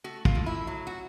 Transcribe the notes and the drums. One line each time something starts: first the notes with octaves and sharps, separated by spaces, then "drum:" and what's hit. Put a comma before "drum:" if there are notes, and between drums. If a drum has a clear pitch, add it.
A3 F#4
F4, drum: kick
A2
E4
F#3
F#4